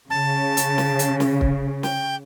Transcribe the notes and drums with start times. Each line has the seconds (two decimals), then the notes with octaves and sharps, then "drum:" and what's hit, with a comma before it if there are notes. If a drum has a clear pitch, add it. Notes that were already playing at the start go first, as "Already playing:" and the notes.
0.10 C#3 A5
0.57 drum: hi-hat
0.78 drum: snare
0.99 drum: hi-hat
1.20 drum: snare
1.41 drum: kick
1.83 G5, drum: snare